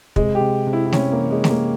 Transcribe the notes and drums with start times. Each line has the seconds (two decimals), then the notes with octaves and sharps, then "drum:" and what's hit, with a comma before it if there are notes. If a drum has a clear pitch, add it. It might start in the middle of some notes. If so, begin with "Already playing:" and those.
0.16 C3 G#3, drum: kick
0.35 G4
0.41 C3
0.67 C3
0.73 E4
0.86 E4
0.93 C3 C#4, drum: snare A3
1.12 A#3
1.18 E3
1.31 G#3
1.44 C3, drum: snare A3
1.50 A#3